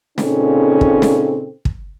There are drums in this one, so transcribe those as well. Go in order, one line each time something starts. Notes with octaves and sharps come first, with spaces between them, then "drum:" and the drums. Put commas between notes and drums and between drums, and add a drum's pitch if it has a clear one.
A#2 C#3 C4 C#4 D#4 A4, drum: snare
drum: kick
drum: snare
drum: kick